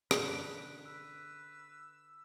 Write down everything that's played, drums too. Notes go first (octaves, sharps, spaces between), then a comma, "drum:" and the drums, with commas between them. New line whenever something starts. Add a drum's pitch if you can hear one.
D3 B4 C5 F#5, drum: rim click
B4 E6